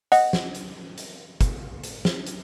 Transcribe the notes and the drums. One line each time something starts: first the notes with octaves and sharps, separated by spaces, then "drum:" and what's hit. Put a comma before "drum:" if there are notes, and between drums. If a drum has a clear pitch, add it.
D#5 F#5, drum: hi-hat
drum: snare
drum: hi-hat
drum: hi-hat
drum: kick, hi-hat
drum: hi-hat
drum: snare
drum: hi-hat